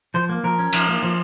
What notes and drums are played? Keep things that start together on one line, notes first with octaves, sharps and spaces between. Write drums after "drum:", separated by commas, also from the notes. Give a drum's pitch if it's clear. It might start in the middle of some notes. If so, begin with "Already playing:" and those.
F3 C5
A#3
F3 A#4
C#4
F3, drum: cymbal
A#3
F3